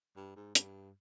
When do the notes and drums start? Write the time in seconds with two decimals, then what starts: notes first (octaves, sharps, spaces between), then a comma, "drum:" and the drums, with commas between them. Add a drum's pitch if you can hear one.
0.17 G2
0.36 G#2
0.55 G2, drum: hi-hat